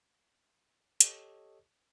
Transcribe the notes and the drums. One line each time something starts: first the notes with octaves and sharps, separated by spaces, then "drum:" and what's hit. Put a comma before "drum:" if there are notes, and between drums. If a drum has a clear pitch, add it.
G4 A4 C#5 D#5, drum: hi-hat